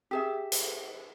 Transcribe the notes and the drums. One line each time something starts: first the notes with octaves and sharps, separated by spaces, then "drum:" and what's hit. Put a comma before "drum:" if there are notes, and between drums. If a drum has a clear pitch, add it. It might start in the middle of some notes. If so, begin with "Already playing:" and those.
G4 G#4 E5
drum: hi-hat